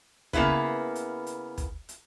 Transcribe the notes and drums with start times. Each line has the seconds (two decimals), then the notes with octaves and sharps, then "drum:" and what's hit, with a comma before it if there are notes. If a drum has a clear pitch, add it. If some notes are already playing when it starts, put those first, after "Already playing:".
0.33 C#3 A#3 B3 E4 B4, drum: kick
0.95 drum: hi-hat
1.27 drum: hi-hat
1.58 drum: kick, hi-hat
1.89 drum: hi-hat